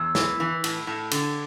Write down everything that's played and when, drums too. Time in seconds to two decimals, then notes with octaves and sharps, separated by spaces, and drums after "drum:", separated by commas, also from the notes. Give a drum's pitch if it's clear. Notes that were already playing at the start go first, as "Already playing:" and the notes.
Already playing: E2 E6
0.15 E3, drum: snare
0.40 E3
0.64 A2, drum: cymbal
0.87 A2
1.11 D3, drum: cymbal